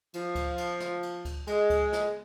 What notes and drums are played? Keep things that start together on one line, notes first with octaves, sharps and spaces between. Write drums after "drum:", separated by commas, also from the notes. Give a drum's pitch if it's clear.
F3, drum: cymbal
drum: kick C#2, cymbal
drum: cymbal
drum: snare
drum: cymbal
drum: kick C#2, cymbal
G#3, drum: cymbal
drum: kick C#2, cymbal
drum: snare